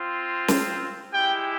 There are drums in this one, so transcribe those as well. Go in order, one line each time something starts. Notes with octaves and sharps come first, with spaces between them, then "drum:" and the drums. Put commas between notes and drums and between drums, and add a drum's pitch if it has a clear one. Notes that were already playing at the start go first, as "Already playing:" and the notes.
Already playing: C4 F4
drum: snare
G#3 E4 G4 G5